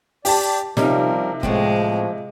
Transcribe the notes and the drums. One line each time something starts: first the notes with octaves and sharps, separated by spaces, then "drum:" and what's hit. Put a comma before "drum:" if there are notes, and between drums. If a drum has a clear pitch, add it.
G4 D5 A5, drum: open hi-hat
C3 F3 G3 C#4 D#4 A#4, drum: snare
A2 F3 G#3 B3 C4, drum: kick